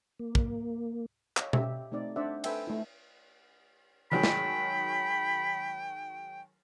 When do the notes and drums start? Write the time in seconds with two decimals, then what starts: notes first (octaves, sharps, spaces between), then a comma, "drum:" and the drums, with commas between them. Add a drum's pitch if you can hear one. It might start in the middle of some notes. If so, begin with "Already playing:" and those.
0.19 A#3
0.35 drum: kick
1.37 C#5 D#5 F5, drum: clap
1.53 G4 E5, drum: tom B2
1.92 A3 C4 D#4 D5
2.16 D4 C5 D5 E5 F#5
2.44 A4 B4 C5 E5 G5 G#5, drum: cymbal
2.67 A3 D#4 E4
4.11 D#3 F#3 G#3 G5 B5
4.23 drum: snare